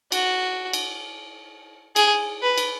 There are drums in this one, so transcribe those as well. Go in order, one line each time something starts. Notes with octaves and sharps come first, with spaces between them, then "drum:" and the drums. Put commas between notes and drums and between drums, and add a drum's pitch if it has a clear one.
F#4, drum: cymbal
drum: cymbal
G#4, drum: cymbal
B4
drum: cymbal